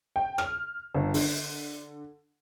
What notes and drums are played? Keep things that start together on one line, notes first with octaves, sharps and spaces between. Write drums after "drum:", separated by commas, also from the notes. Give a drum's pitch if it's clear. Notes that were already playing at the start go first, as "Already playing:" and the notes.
G5
F6, drum: rim click
G1
D3, drum: open hi-hat